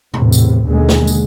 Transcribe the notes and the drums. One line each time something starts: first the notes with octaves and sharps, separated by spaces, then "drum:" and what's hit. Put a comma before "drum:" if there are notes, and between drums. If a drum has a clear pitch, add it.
E2 A2 C3, drum: tom A#2
drum: tambourine
D#2 B2 D3 G#3
drum: snare
drum: tambourine